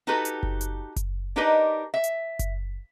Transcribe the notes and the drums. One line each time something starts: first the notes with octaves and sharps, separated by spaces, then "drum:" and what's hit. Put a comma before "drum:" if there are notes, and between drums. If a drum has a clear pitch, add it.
D#4 F#4 G4 A4 B4
drum: hi-hat
drum: kick F#1
drum: hi-hat
drum: kick F#1, hi-hat
D4 D#4 G4 A#4 B4 D#5
E5
drum: hi-hat
drum: kick F#1, hi-hat